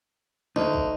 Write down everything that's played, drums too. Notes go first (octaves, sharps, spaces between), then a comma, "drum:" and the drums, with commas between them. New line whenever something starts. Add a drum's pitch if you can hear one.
D2 D#4
drum: kick